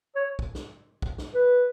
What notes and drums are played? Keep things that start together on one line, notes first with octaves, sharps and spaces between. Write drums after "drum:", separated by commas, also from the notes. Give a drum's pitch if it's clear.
C#5
drum: kick
drum: snare
drum: kick
drum: snare
B4